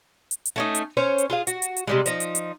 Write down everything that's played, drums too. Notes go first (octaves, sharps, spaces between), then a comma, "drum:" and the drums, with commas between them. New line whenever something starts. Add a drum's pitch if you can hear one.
drum: hi-hat
drum: hi-hat
A3 C#4 D#4
drum: hi-hat
C#4 C5 C#5
drum: hi-hat
F4 G#4 F5
F#4, drum: hi-hat
drum: hi-hat
drum: hi-hat
C3 G3 G#3
F3 D#4, drum: hi-hat
drum: hi-hat
drum: hi-hat